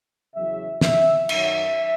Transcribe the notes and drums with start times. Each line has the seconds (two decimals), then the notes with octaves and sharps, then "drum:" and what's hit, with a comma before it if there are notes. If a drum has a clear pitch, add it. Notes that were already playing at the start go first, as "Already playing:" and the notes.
0.34 E2 C#3 F#3 E5
0.81 E5, drum: snare
1.29 F#2 D#3 F#3 E5, drum: cymbal